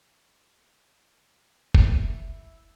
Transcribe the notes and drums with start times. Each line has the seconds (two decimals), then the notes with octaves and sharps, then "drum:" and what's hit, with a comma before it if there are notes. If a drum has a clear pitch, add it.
1.75 E4, drum: kick F#1